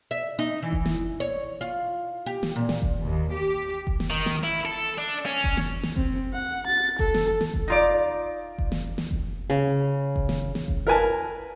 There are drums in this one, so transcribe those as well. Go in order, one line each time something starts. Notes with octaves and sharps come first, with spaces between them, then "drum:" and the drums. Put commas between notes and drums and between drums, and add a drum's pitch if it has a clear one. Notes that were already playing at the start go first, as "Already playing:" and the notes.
E5
D#4
E3
drum: kick F#1
drum: snare
C#5
F4
G4
drum: snare
A#2
drum: snare
drum: kick F#1
D#2
G4
drum: kick F#1
drum: snare
D#3
drum: snare
E4
A4
D4
C#4
drum: kick F#1
drum: snare
drum: snare
C4, drum: kick F#1
F#5
A6
A4, drum: kick F#1
drum: snare
drum: snare
drum: kick F#1
D#4 F4 D5
drum: kick F#1
drum: snare
drum: snare
drum: kick F#1
C#3
drum: kick F#1
drum: snare
drum: snare
drum: kick F#1
A#4 B4 G#5 A5